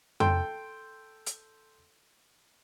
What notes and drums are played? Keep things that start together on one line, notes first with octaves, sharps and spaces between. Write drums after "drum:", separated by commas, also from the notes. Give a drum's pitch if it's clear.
A4 G5 C6, drum: tom F2
drum: hi-hat